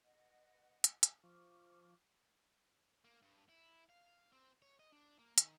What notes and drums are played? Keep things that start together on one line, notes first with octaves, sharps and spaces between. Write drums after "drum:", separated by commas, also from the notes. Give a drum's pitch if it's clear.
B4 D#5 F#5
drum: hi-hat
drum: hi-hat
F3 C#6 D6 F6
A#3
G2
E4
F5
C4
C#5
D#5
D4
A#3
D#3, drum: hi-hat